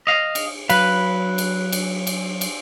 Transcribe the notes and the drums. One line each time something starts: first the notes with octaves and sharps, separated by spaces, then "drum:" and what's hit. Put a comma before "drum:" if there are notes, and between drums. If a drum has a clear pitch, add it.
D#5 F5
drum: cymbal
F#3 B4 F5, drum: cymbal
drum: cymbal
drum: cymbal
drum: cymbal
drum: cymbal